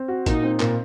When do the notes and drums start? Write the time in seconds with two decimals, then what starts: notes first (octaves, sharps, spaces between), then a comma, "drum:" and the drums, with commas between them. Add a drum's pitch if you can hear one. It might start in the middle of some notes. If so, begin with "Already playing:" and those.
Already playing: C4
0.08 F#4
0.26 A#2 D#4, drum: kick G#1, hi-hat
0.43 C4
0.60 A#2, drum: clap